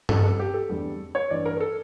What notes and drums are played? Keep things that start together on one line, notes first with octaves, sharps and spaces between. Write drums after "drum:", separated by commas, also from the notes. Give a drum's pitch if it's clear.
G1 F2 C#3 G3 A4, drum: tom G2
A4
G4
A4
F1 E2 D3 G3
C#5
A1 G2 E3 D5
A#4
A#4
A4